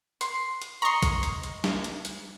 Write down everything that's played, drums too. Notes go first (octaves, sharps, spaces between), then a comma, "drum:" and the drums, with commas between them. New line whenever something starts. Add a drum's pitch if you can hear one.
C6, drum: hi-hat
drum: hi-hat
D#5 A#5 C6 C#6
drum: kick A#1, hi-hat
drum: hi-hat
drum: hi-hat
drum: snare
drum: hi-hat
drum: hi-hat